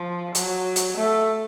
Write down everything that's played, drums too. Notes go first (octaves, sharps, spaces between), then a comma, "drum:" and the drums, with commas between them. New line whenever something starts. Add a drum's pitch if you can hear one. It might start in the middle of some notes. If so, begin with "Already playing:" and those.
Already playing: F3
F#3, drum: hi-hat
drum: hi-hat
A3